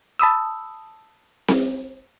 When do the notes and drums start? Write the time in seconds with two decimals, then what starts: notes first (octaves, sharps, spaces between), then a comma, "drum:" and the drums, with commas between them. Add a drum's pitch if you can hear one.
0.19 A5 B5 D#6 E6
1.48 drum: snare C4